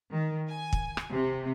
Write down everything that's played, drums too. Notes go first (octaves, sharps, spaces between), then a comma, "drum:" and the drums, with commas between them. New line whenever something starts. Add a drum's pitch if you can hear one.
D#3
G#5
drum: kick
drum: rim click
C3